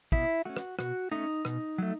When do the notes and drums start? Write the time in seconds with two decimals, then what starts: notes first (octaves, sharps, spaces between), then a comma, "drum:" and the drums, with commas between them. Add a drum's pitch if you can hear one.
0.12 B2 E4, drum: kick
0.45 A3 C#4 F#4
0.57 drum: rim click
0.79 B2 F#4, drum: rim click
1.12 A3 C#4 D#4
1.45 B2, drum: rim click
1.78 F#3 A3